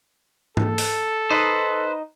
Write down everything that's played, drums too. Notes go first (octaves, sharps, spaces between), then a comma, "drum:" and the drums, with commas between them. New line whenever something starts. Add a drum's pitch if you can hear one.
A4, drum: tom G#2
drum: open hi-hat
D#4 B4 C5 D#5